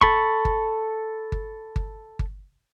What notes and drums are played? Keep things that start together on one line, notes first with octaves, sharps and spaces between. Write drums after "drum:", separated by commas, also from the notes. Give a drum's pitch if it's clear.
A4 B5 C#6, drum: kick G1
drum: kick G1
drum: kick G1
drum: kick G1
drum: kick G1